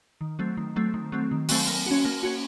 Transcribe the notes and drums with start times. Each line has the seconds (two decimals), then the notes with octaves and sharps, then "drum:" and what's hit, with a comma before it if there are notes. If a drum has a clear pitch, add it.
0.21 D#3
0.39 F#3 A3 C4
0.57 D#3
0.76 F#3 A3 C4
0.94 D#3
1.12 F#3 A3 C4
1.31 D#3
1.49 F#3 A3 C4, drum: open hi-hat
1.67 A#3
1.86 C#4 F#4
2.05 A#3
2.23 C#4 F#4